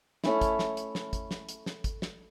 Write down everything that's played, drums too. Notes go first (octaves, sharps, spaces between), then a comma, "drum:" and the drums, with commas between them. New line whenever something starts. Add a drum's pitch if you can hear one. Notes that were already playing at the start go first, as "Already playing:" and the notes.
A3 C#4 E4, drum: snare
drum: kick, hi-hat
drum: snare
drum: hi-hat
drum: snare
drum: kick, hi-hat
drum: snare
drum: hi-hat
drum: snare
drum: kick, hi-hat
drum: snare